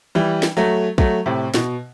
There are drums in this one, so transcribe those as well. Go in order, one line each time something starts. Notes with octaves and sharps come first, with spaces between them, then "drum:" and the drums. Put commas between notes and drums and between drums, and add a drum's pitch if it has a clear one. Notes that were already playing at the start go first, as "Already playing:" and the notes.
E3 G3
drum: snare
F#3 A3
F#3 A3, drum: kick
A2 C3
B2, drum: snare